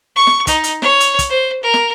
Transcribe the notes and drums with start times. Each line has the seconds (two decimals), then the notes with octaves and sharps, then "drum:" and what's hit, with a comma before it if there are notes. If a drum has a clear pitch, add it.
0.16 C#6
0.27 drum: snare
0.47 D#4, drum: kick, hi-hat
0.64 drum: hi-hat
0.82 C#5, drum: snare
1.00 drum: hi-hat
1.19 drum: kick, hi-hat
1.30 C5
1.63 A#4
1.74 drum: snare